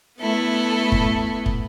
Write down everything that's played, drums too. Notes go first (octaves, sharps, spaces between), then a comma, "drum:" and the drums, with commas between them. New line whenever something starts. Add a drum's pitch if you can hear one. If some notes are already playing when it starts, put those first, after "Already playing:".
A3 B3 E4 A4
drum: kick
drum: kick